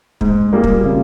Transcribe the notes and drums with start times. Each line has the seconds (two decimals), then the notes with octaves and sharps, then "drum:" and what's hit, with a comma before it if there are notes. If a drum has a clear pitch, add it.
0.21 G#2, drum: kick
0.53 G3 A#3 F4 G#4
0.64 drum: kick
0.85 C#3